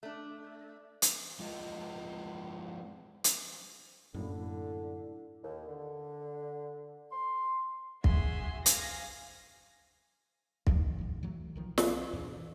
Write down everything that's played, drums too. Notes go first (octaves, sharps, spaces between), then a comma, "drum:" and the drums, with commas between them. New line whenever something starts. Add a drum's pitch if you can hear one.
A3 D4
drum: hi-hat
F2 G#3 F4 D#5
drum: hi-hat
F#2 A2 D3 F#3 A#3
D#2
D3
C6
F#4 G#4 E5 C6, drum: kick
F5 G#5 A#6, drum: hi-hat
D1 D#2 D#3 F#3, drum: kick
A2 E3
E3 F#3 A3
B1 D#3 F3
drum: snare
E2 B2 E3 D4